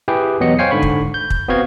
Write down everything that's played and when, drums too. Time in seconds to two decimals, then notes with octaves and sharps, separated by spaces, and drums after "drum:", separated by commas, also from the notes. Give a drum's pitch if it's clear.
0.08 E4 G4 G#4 B4 G5
0.40 E2 B2 F#3 B3 D#5 C#7
0.59 C5 C#5 F5 G5 G#5 C7
0.71 G#2 D3 B5 C#6
0.83 drum: kick
1.14 G6
1.30 drum: kick
1.49 B3 C4 F#4 F5 G#6